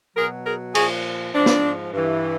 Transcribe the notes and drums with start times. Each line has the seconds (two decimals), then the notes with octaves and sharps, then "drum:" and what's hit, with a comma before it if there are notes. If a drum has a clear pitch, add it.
0.16 B2 F#3 G#4 A#4
0.45 G#4 A#4
0.75 A#2 F3 F#4 G#4, drum: cymbal
1.34 G#2 F3 C4 D4
1.46 drum: snare
1.93 G2 E3